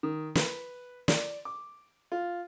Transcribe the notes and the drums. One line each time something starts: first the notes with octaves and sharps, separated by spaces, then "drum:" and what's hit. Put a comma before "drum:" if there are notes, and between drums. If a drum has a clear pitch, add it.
D#3
B4, drum: snare
D5, drum: snare
D6
F4